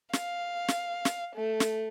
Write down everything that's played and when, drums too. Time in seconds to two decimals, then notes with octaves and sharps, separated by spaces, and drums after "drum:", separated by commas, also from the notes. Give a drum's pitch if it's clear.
0.13 F5, drum: snare
0.68 drum: snare
1.05 drum: snare
1.35 A3
1.60 drum: snare